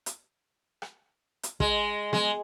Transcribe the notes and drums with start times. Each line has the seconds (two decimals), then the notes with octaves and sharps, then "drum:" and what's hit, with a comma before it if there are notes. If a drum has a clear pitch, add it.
0.06 drum: hi-hat
0.82 drum: rim click
1.43 drum: hi-hat
1.60 G#3, drum: kick
2.13 G#3, drum: snare B3